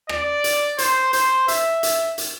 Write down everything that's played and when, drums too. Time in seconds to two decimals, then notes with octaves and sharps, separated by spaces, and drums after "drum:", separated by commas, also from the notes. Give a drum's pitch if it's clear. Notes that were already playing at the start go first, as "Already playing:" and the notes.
0.09 D5, drum: rim click
0.44 drum: hi-hat
0.78 C5, drum: hi-hat
1.13 C5, drum: hi-hat
1.48 E5, drum: hi-hat
1.83 drum: hi-hat
2.18 drum: hi-hat